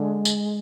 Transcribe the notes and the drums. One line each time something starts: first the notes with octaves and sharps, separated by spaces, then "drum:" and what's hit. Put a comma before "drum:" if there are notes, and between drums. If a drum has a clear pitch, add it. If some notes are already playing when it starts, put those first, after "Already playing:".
Already playing: D3 G#3
drum: tambourine